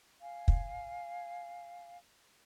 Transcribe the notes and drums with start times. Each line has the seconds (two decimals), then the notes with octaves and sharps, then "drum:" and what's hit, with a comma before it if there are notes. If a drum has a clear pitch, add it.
0.22 F5 G#5
0.48 drum: kick